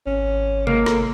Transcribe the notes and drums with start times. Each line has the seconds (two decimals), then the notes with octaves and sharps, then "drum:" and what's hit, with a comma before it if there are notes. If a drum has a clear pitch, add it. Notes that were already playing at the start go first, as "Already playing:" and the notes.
0.06 G#1 C#4
0.67 G#3 A#3, drum: tom C3
0.86 G#1 A4, drum: rim click